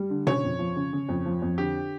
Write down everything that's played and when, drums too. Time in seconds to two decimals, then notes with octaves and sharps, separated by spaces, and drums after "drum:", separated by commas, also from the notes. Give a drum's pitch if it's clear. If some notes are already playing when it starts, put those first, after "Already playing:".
Already playing: G3
0.10 D3
0.27 C#3 C#5, drum: tom B2
0.43 F2
0.59 F3
0.76 C#3
0.93 C#3
1.09 F2
1.26 F3
1.42 F2
1.58 D3 G4